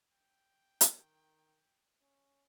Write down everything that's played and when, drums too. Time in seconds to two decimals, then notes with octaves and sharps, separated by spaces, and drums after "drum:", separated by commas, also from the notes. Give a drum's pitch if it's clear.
0.12 G5
0.81 D#3, drum: hi-hat
2.01 C#4